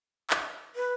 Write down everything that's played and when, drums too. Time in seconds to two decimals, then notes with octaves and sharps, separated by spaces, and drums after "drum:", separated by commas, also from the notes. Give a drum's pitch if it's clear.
0.30 drum: clap
0.76 B4